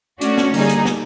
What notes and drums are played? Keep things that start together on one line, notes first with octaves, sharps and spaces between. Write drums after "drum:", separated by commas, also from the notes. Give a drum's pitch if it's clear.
A3 C#4 D4 F#4, drum: hi-hat
drum: snare
D3 G3 A#3 D#4 G#4, drum: open hi-hat
drum: hi-hat
drum: snare